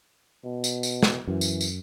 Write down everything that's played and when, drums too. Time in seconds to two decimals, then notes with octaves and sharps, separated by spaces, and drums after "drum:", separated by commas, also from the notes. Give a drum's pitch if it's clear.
0.44 B2
0.64 drum: tambourine
0.83 drum: tambourine
1.03 drum: snare
1.27 F#2 E3
1.41 drum: tambourine
1.61 drum: tambourine